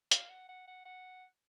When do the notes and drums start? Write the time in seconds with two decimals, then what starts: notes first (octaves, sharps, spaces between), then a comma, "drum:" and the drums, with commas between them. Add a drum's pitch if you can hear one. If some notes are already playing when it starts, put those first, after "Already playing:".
0.11 F5, drum: hi-hat
0.29 F#5
0.49 F#5
0.67 F#5
0.85 F#5